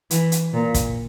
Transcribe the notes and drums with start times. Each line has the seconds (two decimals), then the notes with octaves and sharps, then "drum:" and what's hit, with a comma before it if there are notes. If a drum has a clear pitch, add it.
0.11 E3, drum: hi-hat
0.32 drum: hi-hat
0.54 A#2
0.74 drum: kick, hi-hat